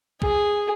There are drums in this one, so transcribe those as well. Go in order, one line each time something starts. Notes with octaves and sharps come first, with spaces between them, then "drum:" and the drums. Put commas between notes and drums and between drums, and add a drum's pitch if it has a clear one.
G#4, drum: kick